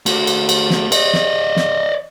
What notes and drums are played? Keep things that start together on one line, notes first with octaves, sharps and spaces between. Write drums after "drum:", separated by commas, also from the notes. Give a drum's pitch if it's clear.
A3 F#4, drum: cymbal
drum: cymbal
drum: cymbal
drum: snare
D5 D#5, drum: cymbal
drum: snare
drum: snare